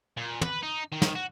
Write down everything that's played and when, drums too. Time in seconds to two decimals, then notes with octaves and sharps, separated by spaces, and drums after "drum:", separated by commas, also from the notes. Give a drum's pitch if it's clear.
0.17 A#2
0.41 B4, drum: tom
0.62 D#4
0.92 D#3
1.02 drum: snare
1.15 F#4